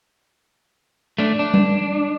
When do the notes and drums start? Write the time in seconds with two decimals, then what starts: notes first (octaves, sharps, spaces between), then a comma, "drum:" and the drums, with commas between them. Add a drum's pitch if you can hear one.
1.19 A3 D4
1.39 D4
1.54 drum: tom G3